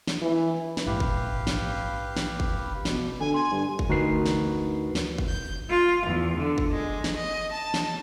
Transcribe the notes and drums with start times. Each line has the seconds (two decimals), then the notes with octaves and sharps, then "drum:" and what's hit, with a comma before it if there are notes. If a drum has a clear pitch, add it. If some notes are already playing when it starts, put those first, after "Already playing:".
0.07 drum: snare
0.22 E3
0.77 drum: snare
0.86 A#1 G#2 G4 B4 F5
1.00 drum: kick
1.47 drum: snare
2.17 drum: snare
2.40 drum: kick
2.85 B2, drum: snare
3.20 D3 G#5
3.34 G#5 C6
3.51 G2
3.79 drum: kick
3.89 D2 D#4 F#4 A#4 B4 C7
4.26 drum: snare
4.95 drum: snare
5.18 drum: kick
5.28 G6
5.70 F4
6.06 E2
6.38 D3
6.58 drum: kick
6.71 G#3
7.04 drum: snare
7.16 D#5
7.51 A5
7.74 drum: snare